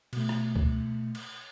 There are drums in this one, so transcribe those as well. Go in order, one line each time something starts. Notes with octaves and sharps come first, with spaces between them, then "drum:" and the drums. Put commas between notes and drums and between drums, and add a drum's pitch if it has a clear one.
B2 A3, drum: cymbal
drum: rim click
drum: kick
drum: cymbal